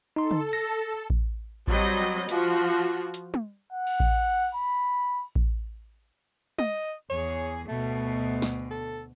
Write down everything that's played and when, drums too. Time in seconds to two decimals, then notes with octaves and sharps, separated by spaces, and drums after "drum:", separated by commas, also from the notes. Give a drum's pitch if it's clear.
0.16 D#4 A4 C6
0.31 drum: tom
0.53 A#6
1.10 drum: kick A1
1.67 F#3 G3 C4 D#5, drum: kick A1
2.29 F3 F#4, drum: hi-hat
3.14 drum: hi-hat
3.34 drum: tom
3.73 F#5
3.87 drum: cymbal
4.00 drum: kick A1
4.55 B5
5.35 drum: kick A1
6.59 D#5, drum: tom
7.10 E2 G#4 C#5
7.68 D2 B2 A3
8.42 drum: snare
8.70 A4